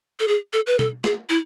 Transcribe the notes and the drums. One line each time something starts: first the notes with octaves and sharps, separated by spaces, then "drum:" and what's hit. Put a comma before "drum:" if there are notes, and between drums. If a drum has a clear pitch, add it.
A4
G#4
A4
B4
A4, drum: tom
G#4, drum: snare
E4